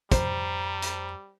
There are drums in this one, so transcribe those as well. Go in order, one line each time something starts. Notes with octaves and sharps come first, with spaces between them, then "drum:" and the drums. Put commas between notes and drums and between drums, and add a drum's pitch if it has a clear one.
F2 G3 C5 A#5, drum: kick, hi-hat
drum: hi-hat